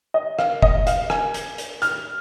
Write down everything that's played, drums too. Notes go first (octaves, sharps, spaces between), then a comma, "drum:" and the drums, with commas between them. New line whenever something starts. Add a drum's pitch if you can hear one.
D#5
F5, drum: rim click
D#5, drum: kick F1
F5, drum: hi-hat
G#5, drum: rim click
drum: hi-hat
drum: hi-hat
F6, drum: hi-hat